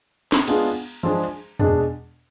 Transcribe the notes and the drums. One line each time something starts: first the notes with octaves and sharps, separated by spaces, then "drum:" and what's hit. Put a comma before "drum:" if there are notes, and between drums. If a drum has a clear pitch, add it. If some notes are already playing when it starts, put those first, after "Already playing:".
drum: snare
G#3 B3 D4 F4 G#4, drum: cymbal
F3 G#3 D4 G#4
B2 G#3 D4, drum: tom E2